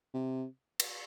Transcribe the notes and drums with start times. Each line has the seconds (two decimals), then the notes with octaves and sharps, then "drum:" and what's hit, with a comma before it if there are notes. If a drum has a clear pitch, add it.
0.14 C3
0.80 drum: cymbal